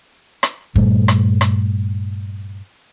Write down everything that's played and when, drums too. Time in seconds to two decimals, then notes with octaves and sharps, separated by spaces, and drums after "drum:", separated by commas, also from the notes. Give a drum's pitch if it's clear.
0.43 drum: rim click
0.76 G2 A#2 G3 A3, drum: kick
1.08 drum: rim click
1.41 drum: rim click